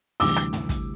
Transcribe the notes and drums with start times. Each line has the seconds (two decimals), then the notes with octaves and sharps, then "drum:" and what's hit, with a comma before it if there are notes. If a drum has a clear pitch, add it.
0.20 D2 C3 E3 G3 D6 E6, drum: open hi-hat
0.36 drum: rim click
0.53 drum: tom
0.69 drum: kick, hi-hat